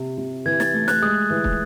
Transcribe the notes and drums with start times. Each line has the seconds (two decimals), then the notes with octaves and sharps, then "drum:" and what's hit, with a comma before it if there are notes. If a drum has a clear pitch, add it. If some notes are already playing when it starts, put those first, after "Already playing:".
Already playing: C3
0.18 C3
0.46 E3 G#6
0.60 A6, drum: snare
0.74 A3
0.88 F#6, drum: snare
1.02 G#3 D#6
1.30 E3
1.44 drum: kick